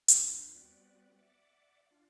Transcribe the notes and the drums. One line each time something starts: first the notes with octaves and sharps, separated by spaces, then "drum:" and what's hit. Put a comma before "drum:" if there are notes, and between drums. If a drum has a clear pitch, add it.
D#2 D4 F4 B4 B5 G6, drum: hi-hat
G3 B3 C4 F#4 B4 D5
D5 E5 F#5 D6
D4 F4